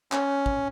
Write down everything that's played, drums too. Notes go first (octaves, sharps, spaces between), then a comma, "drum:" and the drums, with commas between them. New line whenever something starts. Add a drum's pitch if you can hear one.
C#4, drum: clap
drum: kick